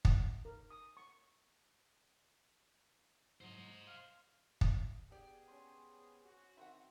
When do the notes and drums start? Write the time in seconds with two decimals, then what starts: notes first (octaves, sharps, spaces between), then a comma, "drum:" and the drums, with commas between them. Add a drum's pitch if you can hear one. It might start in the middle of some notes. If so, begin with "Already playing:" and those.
0.05 F#5, drum: kick
0.45 A#4
0.71 D#6
0.97 C#6
3.41 G#2 F#3 C5 D#5
3.87 F5
4.61 drum: kick
5.11 B3 G4 G#4 D5
5.48 C#4 C5
6.25 F#4
6.57 D#3 C4 C5 E5 F#5